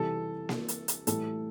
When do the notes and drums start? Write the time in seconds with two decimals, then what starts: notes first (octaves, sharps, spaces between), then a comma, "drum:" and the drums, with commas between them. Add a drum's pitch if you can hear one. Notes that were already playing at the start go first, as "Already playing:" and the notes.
Already playing: C3 E3 G3 A4
0.49 drum: snare A#3
0.68 drum: hi-hat
0.88 drum: hi-hat
1.07 A2 E3 G3 A4, drum: hi-hat